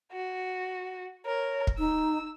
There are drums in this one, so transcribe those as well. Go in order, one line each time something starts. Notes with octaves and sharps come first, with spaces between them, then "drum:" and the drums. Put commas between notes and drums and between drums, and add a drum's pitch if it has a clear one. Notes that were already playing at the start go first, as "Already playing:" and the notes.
F#4
A#4 C#5
drum: kick
D#4 E6